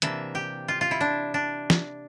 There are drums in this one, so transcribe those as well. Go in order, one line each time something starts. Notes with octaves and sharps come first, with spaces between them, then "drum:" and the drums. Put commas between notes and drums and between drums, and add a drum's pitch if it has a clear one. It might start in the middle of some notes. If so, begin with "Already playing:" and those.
C3 E3 A#3 D4 E5, drum: hi-hat
G4
F4
F4
E4
D4
D4
drum: snare